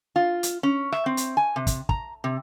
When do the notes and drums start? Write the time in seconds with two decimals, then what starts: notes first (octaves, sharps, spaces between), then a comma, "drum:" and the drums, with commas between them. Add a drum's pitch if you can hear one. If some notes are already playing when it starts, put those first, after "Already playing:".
0.16 F4
0.43 drum: hi-hat
0.63 C#4
0.92 E5, drum: rim click
1.06 C4
1.17 drum: hi-hat
1.37 G#5
1.56 C3
1.67 drum: kick, hi-hat
1.89 A#5, drum: kick
2.24 C3